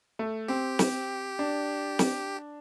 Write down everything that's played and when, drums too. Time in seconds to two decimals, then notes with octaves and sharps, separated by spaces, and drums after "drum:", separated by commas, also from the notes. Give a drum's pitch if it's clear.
0.19 A3
0.48 C4 G4
0.79 drum: snare
1.39 D4
1.99 drum: snare